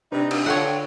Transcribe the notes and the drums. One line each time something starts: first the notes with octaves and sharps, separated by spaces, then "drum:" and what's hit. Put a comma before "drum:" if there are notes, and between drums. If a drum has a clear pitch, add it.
C3 D4 D#4 B4
drum: cymbal
D3 F4 A4 C#5 F#5 G5